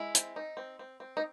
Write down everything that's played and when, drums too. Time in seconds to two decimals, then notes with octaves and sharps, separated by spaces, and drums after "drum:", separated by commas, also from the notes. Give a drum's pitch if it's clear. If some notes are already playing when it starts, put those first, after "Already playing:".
Already playing: G#3 E4
0.15 C4, drum: hi-hat
0.36 D#4
0.57 C4
0.79 C4
1.00 C4
1.17 D#4